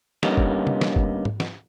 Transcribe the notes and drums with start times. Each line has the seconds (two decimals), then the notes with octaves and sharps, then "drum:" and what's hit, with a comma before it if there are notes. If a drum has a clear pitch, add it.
0.23 D3 G3 A#3 B3 C#4 D#4, drum: snare
0.37 drum: kick
0.67 drum: tom
0.81 drum: snare
0.96 drum: kick
1.25 drum: tom G#2
1.40 drum: snare